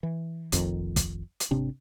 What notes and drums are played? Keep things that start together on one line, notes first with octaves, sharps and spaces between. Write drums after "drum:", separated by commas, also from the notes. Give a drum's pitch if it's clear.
E3
F1 A#1 F2 D#3, drum: hi-hat
drum: kick, hi-hat
drum: hi-hat
G#1 C3 C4 D4